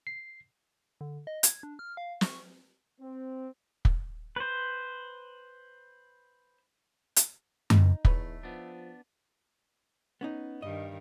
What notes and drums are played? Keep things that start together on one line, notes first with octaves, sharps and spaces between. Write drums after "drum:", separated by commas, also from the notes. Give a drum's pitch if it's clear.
C7
D3
D#5
G#6, drum: hi-hat
D4
F6
F5
C#6, drum: snare
C4
drum: kick
B4 C5
drum: hi-hat
D#4, drum: tom F#2
E2 A3 B4 C#5, drum: kick
F3 B3 D4
B3 C#4 D#4
G2 D#3 D#5